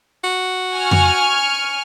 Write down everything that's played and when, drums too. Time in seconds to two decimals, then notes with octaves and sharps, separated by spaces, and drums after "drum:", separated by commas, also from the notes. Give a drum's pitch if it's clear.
0.24 F#4
0.76 G#5 C#6 F6
0.91 drum: tom F2